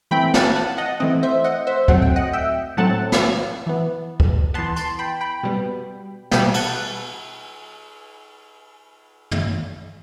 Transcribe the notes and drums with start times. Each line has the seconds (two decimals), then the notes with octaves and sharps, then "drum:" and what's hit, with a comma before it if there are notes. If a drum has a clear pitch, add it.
0.11 E3 A3 C4 G5 B5
0.34 F#5 A5, drum: snare
0.55 F#5 A5
0.78 D#5 F#5
1.00 E3 A3 C4 D#5
1.23 C5 E5
1.44 D#5 F#5
1.67 C5 E5
1.88 A2 F#3 A3 C4 F#5, drum: kick
2.02 G5
2.16 D#5 F#5
2.33 E5 G5
2.77 A2 F#3 A3 C4 F#5 A5
3.12 drum: snare
3.67 E3 B3
4.20 drum: kick
4.54 E3 B3 A5 C6
4.76 A5 C6, drum: hi-hat
4.99 G5 B5
5.21 G5 B5
5.43 B2 G3 B3
6.31 B2 G3 B3 G5 B5, drum: snare
6.54 F#5 A5, drum: cymbal
9.31 drum: tom